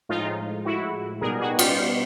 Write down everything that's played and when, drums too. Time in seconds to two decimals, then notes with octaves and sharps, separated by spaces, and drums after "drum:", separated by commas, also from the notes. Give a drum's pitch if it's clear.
0.09 A2 F3 G#3 D#4 F4
0.65 E4 F#4
1.21 B2 G3 B3 D#4 G#4 A#4
1.41 F#4 G#4
1.59 F4 G4, drum: cymbal